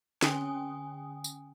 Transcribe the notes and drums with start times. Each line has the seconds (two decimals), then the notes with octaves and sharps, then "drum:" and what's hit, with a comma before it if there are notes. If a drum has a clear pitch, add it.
0.22 D3 C#4 G5 G#5 D#6, drum: snare
1.24 drum: tambourine